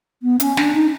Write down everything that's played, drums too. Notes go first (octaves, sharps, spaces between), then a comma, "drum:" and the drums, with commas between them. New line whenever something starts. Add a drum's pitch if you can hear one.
B3
C#4, drum: hi-hat
D4, drum: snare
D#4